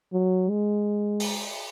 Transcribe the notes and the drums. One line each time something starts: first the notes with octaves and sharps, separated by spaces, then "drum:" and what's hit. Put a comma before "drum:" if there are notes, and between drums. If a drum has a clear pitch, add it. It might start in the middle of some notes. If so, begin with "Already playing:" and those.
F#3
G#3
drum: open hi-hat